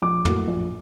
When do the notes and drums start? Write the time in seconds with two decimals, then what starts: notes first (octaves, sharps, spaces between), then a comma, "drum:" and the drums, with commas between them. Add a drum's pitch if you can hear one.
0.02 A#1 D6
0.25 A2 F#3 A#3, drum: tom
0.48 A#1